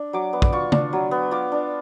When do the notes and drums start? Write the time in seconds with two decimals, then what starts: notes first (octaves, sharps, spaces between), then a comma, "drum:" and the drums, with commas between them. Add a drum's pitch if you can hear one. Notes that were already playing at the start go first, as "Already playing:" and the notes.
Already playing: D4
0.13 F#3 D6
0.33 B3
0.42 drum: kick
0.52 F4 C#6
0.72 D4, drum: tom C#3
0.93 F#3
1.11 B3
1.31 F4 D6
1.52 D4